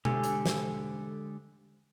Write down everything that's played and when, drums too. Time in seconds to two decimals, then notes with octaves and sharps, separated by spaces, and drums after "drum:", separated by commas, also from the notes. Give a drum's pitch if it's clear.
0.05 D3 G#3 G4 A4 G#5, drum: tom B2
0.24 drum: hi-hat
0.46 drum: snare